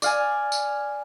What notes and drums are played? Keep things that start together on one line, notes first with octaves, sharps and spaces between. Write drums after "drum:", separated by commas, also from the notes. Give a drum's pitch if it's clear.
D5 F5 G#5, drum: tambourine
drum: tambourine